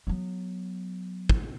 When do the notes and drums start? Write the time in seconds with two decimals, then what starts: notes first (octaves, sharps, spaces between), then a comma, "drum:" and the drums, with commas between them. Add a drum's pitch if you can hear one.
0.07 F#3 B3
1.29 drum: kick